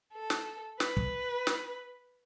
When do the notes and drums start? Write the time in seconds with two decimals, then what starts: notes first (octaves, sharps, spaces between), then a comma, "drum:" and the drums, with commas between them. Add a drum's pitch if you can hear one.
0.13 A4
0.30 drum: snare
0.80 B4, drum: snare
0.97 drum: kick
1.47 drum: snare